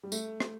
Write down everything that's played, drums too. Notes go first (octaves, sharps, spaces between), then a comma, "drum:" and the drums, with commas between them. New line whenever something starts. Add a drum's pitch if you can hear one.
G3
A3, drum: tambourine
drum: rim click